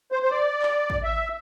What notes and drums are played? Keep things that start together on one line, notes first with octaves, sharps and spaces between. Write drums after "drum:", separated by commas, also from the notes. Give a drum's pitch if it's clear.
C5
C5
D5
drum: clap
drum: kick A1
E5